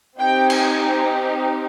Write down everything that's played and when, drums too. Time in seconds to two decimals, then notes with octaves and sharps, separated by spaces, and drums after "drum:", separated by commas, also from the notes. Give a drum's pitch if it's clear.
0.19 C4 D#4 G4 G5
0.50 G#5, drum: cymbal